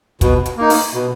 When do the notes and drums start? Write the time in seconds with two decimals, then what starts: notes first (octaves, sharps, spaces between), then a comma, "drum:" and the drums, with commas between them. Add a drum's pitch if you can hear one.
0.21 B2, drum: kick, hi-hat
0.46 drum: hi-hat
0.57 A#3 D#4
0.70 drum: open hi-hat
0.94 B2